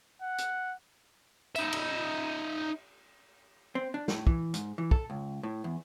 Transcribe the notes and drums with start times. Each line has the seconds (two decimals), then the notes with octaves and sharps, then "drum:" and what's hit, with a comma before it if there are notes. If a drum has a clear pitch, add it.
0.22 F#5
0.38 drum: hi-hat
1.56 D#4 E5, drum: tambourine
1.73 drum: cymbal
3.75 C4
3.94 D4
4.08 A2, drum: snare
4.27 E3, drum: kick
4.54 G#2, drum: hi-hat
4.78 E3
4.91 A4, drum: kick
5.10 C#2
5.43 A2
5.64 E2